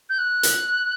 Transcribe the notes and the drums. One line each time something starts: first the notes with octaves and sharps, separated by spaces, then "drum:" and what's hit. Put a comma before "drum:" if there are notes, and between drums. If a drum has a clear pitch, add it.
G6
F#6
drum: hi-hat